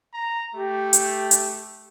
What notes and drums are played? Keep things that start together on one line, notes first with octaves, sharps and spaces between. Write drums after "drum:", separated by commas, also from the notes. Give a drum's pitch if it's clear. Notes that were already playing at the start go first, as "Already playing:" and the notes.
A#5
A3 G4
drum: hi-hat
drum: hi-hat